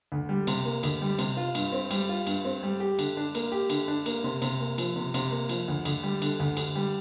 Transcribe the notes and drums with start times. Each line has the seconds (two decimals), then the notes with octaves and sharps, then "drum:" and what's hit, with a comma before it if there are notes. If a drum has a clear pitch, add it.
0.12 D2
0.29 G3
0.47 C3, drum: cymbal
0.65 A#3
0.83 D2, drum: cymbal
1.02 G3
1.19 C3, drum: cymbal
1.37 F4
1.55 G2, drum: cymbal
1.72 C4
1.91 G3, drum: cymbal
2.09 F4
2.27 G2, drum: cymbal
2.45 C4
2.63 G3
2.80 G4
2.99 D3, drum: cymbal
3.17 D4
3.35 A#3, drum: cymbal
3.52 G4
3.70 D3, drum: cymbal
3.88 D4
4.06 A#3, drum: cymbal
4.24 C3
4.42 C3, drum: cymbal
4.60 A#3
4.78 F3, drum: cymbal
4.96 C3
5.14 C3, drum: cymbal
5.31 A#3
5.49 F3, drum: cymbal
5.68 D2
5.85 D2, drum: cymbal
6.03 G3
6.22 D3, drum: cymbal
6.40 D2
6.57 D2, drum: cymbal
6.76 G3